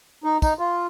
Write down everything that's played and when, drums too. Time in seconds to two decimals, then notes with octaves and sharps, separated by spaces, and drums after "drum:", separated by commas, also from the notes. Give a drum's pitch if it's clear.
0.24 D#4
0.42 D#4, drum: kick, tambourine
0.59 F4